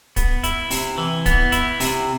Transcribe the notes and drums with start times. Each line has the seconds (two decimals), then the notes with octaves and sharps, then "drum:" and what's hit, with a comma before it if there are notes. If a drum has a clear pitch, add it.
0.16 B3, drum: kick, hi-hat
0.44 E4, drum: hi-hat
0.70 C3, drum: open hi-hat
0.98 E3
1.26 B3, drum: kick, hi-hat
1.52 E4, drum: hi-hat
1.80 C3, drum: open hi-hat